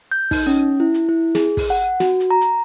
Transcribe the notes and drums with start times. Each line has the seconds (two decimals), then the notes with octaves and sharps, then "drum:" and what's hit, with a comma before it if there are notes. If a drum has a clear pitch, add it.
0.12 G6
0.31 D#4, drum: kick, open hi-hat
0.47 C#4
0.80 E4
0.94 drum: hi-hat
1.09 E4
1.35 G#4, drum: snare
1.57 drum: kick, open hi-hat
1.70 F#5
2.00 F#4, drum: snare
2.20 drum: hi-hat
2.31 A#5
2.41 drum: hi-hat